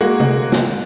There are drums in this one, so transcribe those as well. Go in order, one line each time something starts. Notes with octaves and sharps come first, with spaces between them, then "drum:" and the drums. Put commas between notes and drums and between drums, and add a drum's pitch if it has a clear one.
G#3 A#3 F#4
drum: tom C3
drum: snare